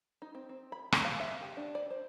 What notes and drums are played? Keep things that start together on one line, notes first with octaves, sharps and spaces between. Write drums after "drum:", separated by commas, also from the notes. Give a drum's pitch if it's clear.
D#4
C4
C4
B5
D4, drum: rim click
F5
E5
G4
D4
D5
C5